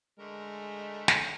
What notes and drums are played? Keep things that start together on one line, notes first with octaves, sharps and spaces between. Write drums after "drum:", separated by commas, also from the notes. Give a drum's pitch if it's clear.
D3 G#3 A3 A#4
drum: snare